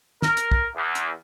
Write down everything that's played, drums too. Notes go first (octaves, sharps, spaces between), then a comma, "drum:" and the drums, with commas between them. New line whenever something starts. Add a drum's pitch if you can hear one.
A#4, drum: snare
drum: hi-hat
drum: kick
E2
drum: hi-hat